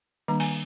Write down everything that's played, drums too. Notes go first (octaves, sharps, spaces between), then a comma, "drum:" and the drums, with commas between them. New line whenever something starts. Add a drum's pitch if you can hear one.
D#3 G3 A#3 D4 A#5
G#5, drum: cymbal